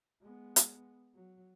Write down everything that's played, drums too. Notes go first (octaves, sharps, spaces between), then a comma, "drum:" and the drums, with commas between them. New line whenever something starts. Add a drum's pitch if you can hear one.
G#3 B3
drum: hi-hat
F#3